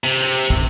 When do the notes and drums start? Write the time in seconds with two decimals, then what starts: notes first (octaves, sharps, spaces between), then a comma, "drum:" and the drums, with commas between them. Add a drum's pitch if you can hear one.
0.04 C3
0.19 drum: hi-hat
0.50 drum: kick, hi-hat